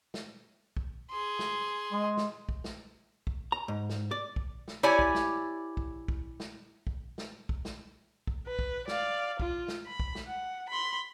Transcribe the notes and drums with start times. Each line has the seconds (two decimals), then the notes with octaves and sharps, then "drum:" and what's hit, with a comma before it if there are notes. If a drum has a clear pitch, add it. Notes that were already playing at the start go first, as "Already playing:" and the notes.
0.14 drum: snare
0.77 drum: kick
1.11 G#4 C6
1.39 drum: snare
1.92 G#3
2.17 drum: snare
2.49 drum: kick
2.64 drum: snare
3.27 drum: kick
3.52 A#5
3.68 G#2
3.89 drum: snare
4.11 D5
4.36 drum: kick
4.68 drum: snare
4.83 E4 G4 C#5 D5 G#5
4.99 drum: kick
5.15 drum: snare
5.77 drum: kick
6.08 drum: kick
6.40 drum: snare
6.87 drum: kick
7.18 drum: snare
7.49 drum: kick
7.65 drum: snare
8.27 drum: kick
8.47 B4
8.59 drum: kick
8.88 D5 F5, drum: snare
9.40 F4, drum: kick
9.68 drum: snare
9.87 B5
10.00 drum: kick
10.15 drum: snare
10.27 F#5
10.69 B5 C6